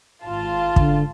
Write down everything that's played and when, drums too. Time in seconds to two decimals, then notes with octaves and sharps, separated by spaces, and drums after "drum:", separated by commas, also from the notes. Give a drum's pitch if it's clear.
0.24 G#1 F4 A5
0.76 D3, drum: kick